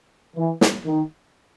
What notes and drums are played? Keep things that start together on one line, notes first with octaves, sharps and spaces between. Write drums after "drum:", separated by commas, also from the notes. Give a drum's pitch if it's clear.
E3
drum: snare
D#3